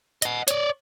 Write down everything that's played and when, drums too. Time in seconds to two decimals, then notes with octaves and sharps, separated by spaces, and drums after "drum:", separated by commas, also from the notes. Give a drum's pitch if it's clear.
0.22 D#5 F#5, drum: hi-hat
0.48 C#5 D5, drum: hi-hat